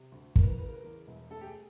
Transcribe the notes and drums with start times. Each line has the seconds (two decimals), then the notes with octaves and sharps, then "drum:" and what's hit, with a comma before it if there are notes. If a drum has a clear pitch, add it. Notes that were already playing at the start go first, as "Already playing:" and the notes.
Already playing: C3
0.12 D2
0.36 E3 A#4, drum: kick
0.43 B4
0.50 A#4
0.58 C#3 B4
0.66 A#4
0.73 B4
0.81 E2 A#4
1.07 E1
1.31 A3 A4
1.41 G4
1.47 G#4